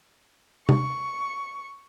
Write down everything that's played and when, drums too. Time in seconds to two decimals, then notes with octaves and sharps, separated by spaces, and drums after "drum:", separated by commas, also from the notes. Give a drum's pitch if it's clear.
0.69 C#6, drum: tom C3